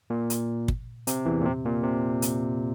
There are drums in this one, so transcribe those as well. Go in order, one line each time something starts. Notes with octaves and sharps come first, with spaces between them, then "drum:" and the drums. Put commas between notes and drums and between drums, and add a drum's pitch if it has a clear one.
A#2
drum: hi-hat
drum: kick
C3, drum: hi-hat
E2 E3
A#2
C3
A#2
C3
drum: hi-hat